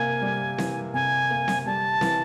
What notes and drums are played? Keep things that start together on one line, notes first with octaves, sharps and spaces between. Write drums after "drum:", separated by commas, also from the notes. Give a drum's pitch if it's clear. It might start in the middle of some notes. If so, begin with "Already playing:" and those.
Already playing: C3 A#3 G#5
G3
E3, drum: snare C4
C3 G#5
A#3
drum: snare C4
G3 A5
E3, drum: snare C4